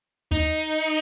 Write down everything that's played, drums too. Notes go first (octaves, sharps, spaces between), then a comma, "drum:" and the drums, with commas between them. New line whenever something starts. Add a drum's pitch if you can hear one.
D#4, drum: kick D2